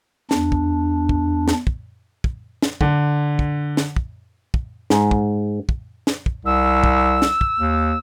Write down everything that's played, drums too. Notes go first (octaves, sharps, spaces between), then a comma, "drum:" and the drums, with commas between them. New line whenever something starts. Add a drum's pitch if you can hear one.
E2 D4, drum: snare
drum: kick
drum: kick
drum: snare
drum: kick
drum: kick
drum: snare
D3, drum: kick
drum: kick
drum: snare
drum: kick
drum: kick
G#2, drum: snare
drum: kick
drum: kick
drum: snare
drum: kick
C2 E6
drum: kick
drum: snare
drum: kick
D#2